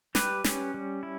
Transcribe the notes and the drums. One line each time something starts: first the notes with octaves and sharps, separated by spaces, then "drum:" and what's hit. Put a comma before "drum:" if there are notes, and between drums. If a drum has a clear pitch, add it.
G3 G4 B4, drum: snare
C#4, drum: snare
G3
E4